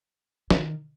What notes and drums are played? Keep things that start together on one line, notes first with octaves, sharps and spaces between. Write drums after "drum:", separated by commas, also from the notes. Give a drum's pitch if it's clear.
D#3, drum: snare